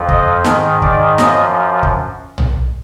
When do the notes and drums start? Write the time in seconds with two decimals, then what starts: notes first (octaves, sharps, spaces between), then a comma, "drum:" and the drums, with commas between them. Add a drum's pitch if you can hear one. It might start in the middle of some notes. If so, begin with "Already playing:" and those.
Already playing: F2 F3
0.08 D#5, drum: kick
0.44 G#2 D#3, drum: snare
0.82 D5, drum: kick
1.18 F#2 F3 D#5, drum: snare
1.83 drum: kick
2.38 drum: tom